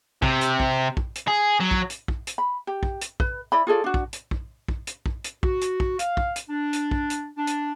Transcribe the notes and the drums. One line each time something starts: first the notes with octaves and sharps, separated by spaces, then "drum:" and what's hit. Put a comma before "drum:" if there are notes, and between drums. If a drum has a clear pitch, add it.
C3, drum: kick
drum: hi-hat
drum: kick
drum: kick
drum: hi-hat
G#4
F#3
drum: kick
drum: hi-hat
drum: kick
drum: hi-hat
B5
G4
drum: kick
drum: hi-hat
B4, drum: kick
E4 D5 B5
F4 G#4 A4 D5
D4 F#4
drum: kick
drum: hi-hat
drum: kick
drum: kick
drum: hi-hat
drum: kick
drum: hi-hat
F#4, drum: kick
drum: hi-hat
drum: kick
F5, drum: hi-hat
drum: kick
drum: hi-hat
D4
drum: hi-hat
drum: kick
drum: hi-hat
D4
drum: hi-hat